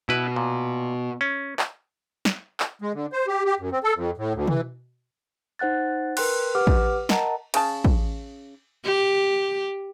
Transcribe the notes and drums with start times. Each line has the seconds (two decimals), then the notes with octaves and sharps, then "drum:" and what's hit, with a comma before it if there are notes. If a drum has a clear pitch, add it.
0.09 B2 E4 B4
0.36 A#2
1.21 C#4
1.59 drum: clap
2.25 drum: snare
2.60 drum: clap
2.82 G#3
2.94 D3
3.13 C5
3.27 G4
3.45 G4
3.60 F#2
3.72 C4
3.83 A4
3.96 F2
4.18 A2
4.34 D2
4.47 E3, drum: tom
5.59 D#4 C5 F#5 F#6 A6
6.17 A#4 B4 G5 C6 F#6, drum: cymbal
6.55 G4 B4 F#5 D6 F6
6.67 drum: kick
7.09 A#4 D#5 F#5 A5 A#5, drum: snare
7.54 C#3 A5, drum: cymbal
7.85 drum: kick
8.84 G4